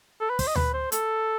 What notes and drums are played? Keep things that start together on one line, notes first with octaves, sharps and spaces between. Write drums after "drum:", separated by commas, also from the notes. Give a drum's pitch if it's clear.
A4
B4
C5, drum: kick, open hi-hat
D#5
B4, drum: tom D2
C5
A4, drum: hi-hat